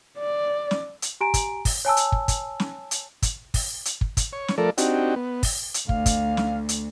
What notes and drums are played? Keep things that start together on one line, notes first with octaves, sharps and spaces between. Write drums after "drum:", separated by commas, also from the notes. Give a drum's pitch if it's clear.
D5
drum: snare
drum: hi-hat
G4 G#5 A#5 D7
drum: kick, hi-hat
drum: kick, open hi-hat
C#5 G#5 A5 E6
drum: hi-hat
drum: kick
drum: kick, hi-hat
drum: snare
drum: hi-hat
drum: kick, hi-hat
drum: kick, open hi-hat
drum: hi-hat
drum: kick
drum: kick, hi-hat
C#5
drum: snare
F3 A3 A4 A#4 D5
C4 D4 D#4 F#4 G4, drum: hi-hat
B3
drum: kick, open hi-hat
drum: hi-hat
D2 F5, drum: kick
drum: kick, hi-hat
drum: snare
drum: hi-hat